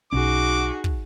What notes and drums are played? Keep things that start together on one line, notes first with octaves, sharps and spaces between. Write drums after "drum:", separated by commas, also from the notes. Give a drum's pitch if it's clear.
B1 C#4 D#4 F#4 G#4 D6
drum: kick